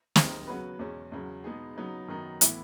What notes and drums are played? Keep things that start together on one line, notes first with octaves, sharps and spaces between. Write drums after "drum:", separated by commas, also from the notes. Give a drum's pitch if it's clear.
D#2 D#3 G#3 D#4, drum: snare
C#3 F#3 B3 F#4 B4
E2 B2 G#3 C#4
E2 C#3 F#3
B2 G#3 B3 D#4 G#4
C#3 F#3 B3 D#4
F#2 D#3 F#3 B3 D#4
A2 E3 B3 E4, drum: hi-hat